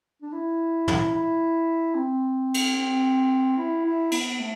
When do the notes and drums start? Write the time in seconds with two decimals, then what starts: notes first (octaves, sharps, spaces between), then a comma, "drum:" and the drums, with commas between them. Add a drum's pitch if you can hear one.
0.22 D4
0.33 E4
0.88 drum: tom
1.14 E4
1.95 C4
2.54 drum: cymbal
2.77 C4
3.58 E4
3.85 E4
4.12 B3, drum: cymbal
4.40 A3